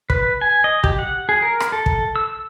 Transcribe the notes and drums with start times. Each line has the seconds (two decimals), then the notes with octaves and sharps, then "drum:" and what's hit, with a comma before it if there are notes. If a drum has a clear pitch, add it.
0.10 B4, drum: kick
0.41 G#5
0.64 D#5
0.84 G4, drum: kick
0.99 F#5
1.29 G#4
1.42 A#4
1.60 drum: rim click
1.72 A4
1.86 drum: kick
2.16 E6